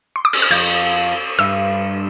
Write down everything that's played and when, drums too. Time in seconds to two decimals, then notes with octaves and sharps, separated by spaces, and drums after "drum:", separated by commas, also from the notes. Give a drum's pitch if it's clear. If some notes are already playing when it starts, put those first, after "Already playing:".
0.16 C6
0.25 D6
0.33 E6, drum: cymbal
0.42 F6
0.51 F2 G6, drum: cymbal
1.39 G2 E6